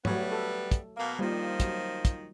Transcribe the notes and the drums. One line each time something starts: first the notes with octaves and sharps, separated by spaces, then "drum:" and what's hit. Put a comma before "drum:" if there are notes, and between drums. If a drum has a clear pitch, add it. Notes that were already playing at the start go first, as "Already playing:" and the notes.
F#3 G3 A3 B3 C#5, drum: tom
A4
drum: kick, hi-hat
B2 A#3
D#3 F3 G3 A#3 F4
F#3, drum: kick, hi-hat
drum: kick, hi-hat